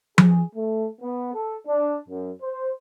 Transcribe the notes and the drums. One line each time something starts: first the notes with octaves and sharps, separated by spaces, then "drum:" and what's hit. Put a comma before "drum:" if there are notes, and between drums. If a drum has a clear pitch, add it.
G#4, drum: tom F3
A3
B3
A4
D4
F#2
C5